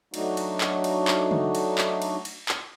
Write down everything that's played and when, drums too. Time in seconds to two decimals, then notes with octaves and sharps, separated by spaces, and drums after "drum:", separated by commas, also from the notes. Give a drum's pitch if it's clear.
0.14 F#3 A3 D4 D#4 F#4, drum: cymbal
0.37 drum: cymbal
0.61 drum: clap
0.84 drum: cymbal
1.08 drum: clap
1.31 drum: tom C#3
1.55 drum: cymbal
1.78 drum: clap
2.02 drum: cymbal
2.25 drum: cymbal
2.49 drum: clap